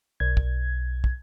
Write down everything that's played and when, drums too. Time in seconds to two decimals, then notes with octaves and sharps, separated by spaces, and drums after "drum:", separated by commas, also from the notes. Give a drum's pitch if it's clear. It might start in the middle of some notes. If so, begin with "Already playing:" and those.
0.20 B1 G#6
0.37 drum: kick
1.04 drum: kick